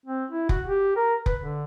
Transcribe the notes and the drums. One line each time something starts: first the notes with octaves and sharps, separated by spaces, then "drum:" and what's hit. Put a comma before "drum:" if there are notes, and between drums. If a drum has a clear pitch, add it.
C4
E4
F#4, drum: kick F1
G4
A#4
B4, drum: kick F1
D3